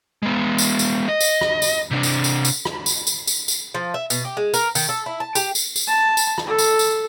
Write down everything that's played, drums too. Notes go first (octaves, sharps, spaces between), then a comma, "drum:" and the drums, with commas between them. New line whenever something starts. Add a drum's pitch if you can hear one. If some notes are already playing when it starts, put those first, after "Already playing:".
G#3 B3
drum: tambourine
drum: tambourine
D#5
drum: tambourine
drum: rim click
drum: tambourine
C3 D4
drum: tambourine
drum: tambourine
drum: tambourine
drum: rim click
drum: tambourine
drum: tambourine
drum: tambourine
drum: tambourine
F3
E5
B2, drum: tambourine
G4
G#3
A#4, drum: tambourine
D#3, drum: tambourine
A4
E4
A5
G4, drum: tambourine
drum: tambourine
drum: tambourine
A5
drum: tambourine
drum: rim click
A4
drum: tambourine
drum: tambourine